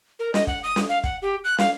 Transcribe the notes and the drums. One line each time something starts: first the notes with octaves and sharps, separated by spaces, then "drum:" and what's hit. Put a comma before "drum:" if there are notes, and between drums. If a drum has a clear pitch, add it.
A#4
D#5, drum: snare
F#5, drum: kick
D#6
drum: snare
F5
F#5, drum: kick
G4
F#6
F5, drum: snare